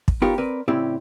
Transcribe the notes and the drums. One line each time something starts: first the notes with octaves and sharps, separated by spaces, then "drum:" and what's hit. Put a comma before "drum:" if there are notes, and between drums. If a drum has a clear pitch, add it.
drum: kick
B3 D#4 F4 G4 A#4 C#5
C4 A#4 B4 D5
A2 C#3 C4 E4 G4 D5